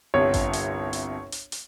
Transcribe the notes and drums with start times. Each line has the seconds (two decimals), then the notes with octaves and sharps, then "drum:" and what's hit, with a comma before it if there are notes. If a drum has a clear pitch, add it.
0.14 G1 C2 C#5
0.34 drum: kick A1, hi-hat
0.53 drum: hi-hat
0.93 drum: hi-hat
1.32 drum: hi-hat
1.52 drum: hi-hat